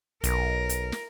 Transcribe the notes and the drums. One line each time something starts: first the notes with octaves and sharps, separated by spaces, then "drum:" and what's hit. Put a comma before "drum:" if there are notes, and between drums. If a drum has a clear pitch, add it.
B1 A#4, drum: hi-hat
drum: hi-hat
drum: snare